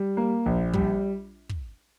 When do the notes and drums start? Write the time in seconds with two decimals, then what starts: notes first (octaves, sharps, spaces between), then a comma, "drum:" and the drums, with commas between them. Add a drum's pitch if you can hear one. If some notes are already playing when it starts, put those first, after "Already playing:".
Already playing: G3
0.17 A#3
0.46 A#1
0.73 G3, drum: kick
1.49 drum: kick